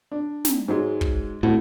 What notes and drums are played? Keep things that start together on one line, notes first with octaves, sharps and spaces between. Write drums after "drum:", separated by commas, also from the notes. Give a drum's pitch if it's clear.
D4
drum: snare
G#2 F#3 G#3
drum: kick
A2 C4 E4 F#4